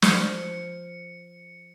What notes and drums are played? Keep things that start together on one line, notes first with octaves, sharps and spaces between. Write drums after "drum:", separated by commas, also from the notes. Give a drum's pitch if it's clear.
F3 C#7, drum: snare